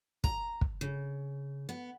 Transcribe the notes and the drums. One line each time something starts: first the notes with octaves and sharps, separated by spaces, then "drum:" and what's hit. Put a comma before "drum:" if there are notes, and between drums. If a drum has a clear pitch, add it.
A#5, drum: kick
drum: kick
C#3
B3